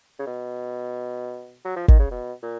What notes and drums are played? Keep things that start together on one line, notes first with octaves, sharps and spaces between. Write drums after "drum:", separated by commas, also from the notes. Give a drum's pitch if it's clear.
C#3
B2
F#3
F3
D#3, drum: kick
C#3
B2
A#2